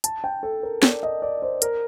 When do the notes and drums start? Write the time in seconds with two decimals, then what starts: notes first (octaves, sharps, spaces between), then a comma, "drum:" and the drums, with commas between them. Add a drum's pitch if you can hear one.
0.04 A5, drum: hi-hat
0.24 G5
0.43 A4
0.63 A#4
0.83 D5, drum: snare
1.03 D#5
1.22 D5
1.42 C5
1.62 A#4, drum: hi-hat